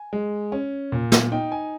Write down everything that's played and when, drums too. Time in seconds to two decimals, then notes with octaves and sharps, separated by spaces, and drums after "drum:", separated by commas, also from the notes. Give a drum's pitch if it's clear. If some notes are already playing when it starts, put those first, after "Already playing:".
Already playing: G#5
0.13 G#3
0.52 C#4
0.92 A#2
1.12 drum: snare
1.32 D#4 G5
1.52 G#5